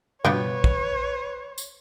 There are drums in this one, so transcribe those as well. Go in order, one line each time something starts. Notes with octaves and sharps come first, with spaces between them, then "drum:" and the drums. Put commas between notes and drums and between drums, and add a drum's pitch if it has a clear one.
G2 B2 F3 B3 G4 B4 C#5, drum: tom
drum: kick
drum: tambourine